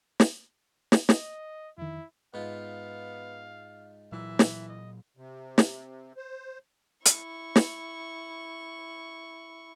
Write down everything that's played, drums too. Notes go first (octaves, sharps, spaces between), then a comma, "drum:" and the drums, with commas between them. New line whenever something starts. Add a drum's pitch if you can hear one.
drum: snare
drum: snare
D#5, drum: snare
F2 D#3 E4
G#2 B3 F4 F5
A#2 E3 F#3 E5
drum: snare
D#5
C3
drum: snare
C5
E4 C#6, drum: hi-hat
drum: snare